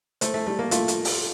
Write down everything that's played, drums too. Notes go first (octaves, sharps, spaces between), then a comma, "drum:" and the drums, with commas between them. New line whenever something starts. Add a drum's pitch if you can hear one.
A3 C5, drum: hi-hat
A3
G3 A3
A#3
A3 F4, drum: hi-hat
drum: hi-hat
drum: open hi-hat